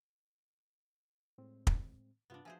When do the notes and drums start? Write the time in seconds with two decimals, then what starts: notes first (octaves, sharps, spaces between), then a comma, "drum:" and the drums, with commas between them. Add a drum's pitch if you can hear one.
1.38 A2 G#3 C4
1.67 drum: kick
2.30 G2 C3 B3 D4 F4
2.45 F3 F#4 G#4 C5 E5 G#5